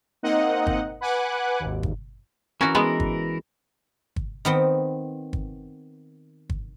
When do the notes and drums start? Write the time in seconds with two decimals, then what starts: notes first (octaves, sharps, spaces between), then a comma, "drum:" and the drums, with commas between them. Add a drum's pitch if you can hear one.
0.23 A#3 C4 D#4 D#5 F#5
0.67 drum: kick G1
1.01 B4 F#5 G#5 D6 F#6
1.60 G#1 D#2
1.83 drum: kick G1
2.61 E3 C#4 F#4 A#4
2.75 G#3 B3
3.00 drum: kick G1
4.16 drum: kick G1
4.45 D#3 B3 C4
5.33 drum: kick G1
6.50 drum: kick G1